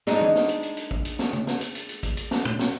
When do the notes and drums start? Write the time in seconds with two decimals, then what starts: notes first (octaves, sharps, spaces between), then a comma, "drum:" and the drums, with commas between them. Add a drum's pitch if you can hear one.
0.07 G#3 D4 D#4, drum: snare
0.21 drum: tom
0.35 drum: snare
0.49 drum: hi-hat
0.63 drum: hi-hat
0.77 drum: hi-hat
0.91 drum: kick
1.05 drum: hi-hat
1.19 drum: snare
1.33 drum: tom
1.47 drum: snare
1.61 drum: hi-hat
1.75 drum: hi-hat
1.89 drum: hi-hat
2.03 drum: kick, hi-hat
2.17 drum: hi-hat
2.31 drum: snare
2.45 drum: tom
2.59 drum: snare